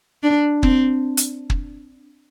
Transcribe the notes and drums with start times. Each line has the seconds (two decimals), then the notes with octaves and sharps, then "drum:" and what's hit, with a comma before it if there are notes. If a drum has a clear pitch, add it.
0.23 D4
0.63 C4, drum: kick
1.17 drum: hi-hat
1.50 drum: kick